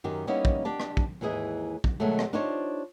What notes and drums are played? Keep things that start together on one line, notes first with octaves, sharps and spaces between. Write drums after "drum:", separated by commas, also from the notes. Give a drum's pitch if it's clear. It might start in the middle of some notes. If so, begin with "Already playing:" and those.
F#2 D#3 G4
G3 A#3 B3 C#4 D#4 E4
drum: kick
D4 G4 A5
drum: rim click
drum: kick
D#2 G#2 E3 G#4 D#5
drum: kick
B2 D#3 F#3 G#3 A3
drum: rim click
D4 D#4 F4 G4 C5 C#5